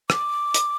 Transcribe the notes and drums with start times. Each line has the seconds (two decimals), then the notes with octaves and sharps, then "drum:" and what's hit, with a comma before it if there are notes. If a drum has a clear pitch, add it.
0.10 D6, drum: rim click
0.54 drum: hi-hat